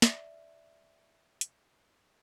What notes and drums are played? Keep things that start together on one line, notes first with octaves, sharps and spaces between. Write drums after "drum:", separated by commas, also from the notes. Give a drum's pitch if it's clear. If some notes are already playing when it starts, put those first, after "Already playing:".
D5 E5, drum: snare
drum: hi-hat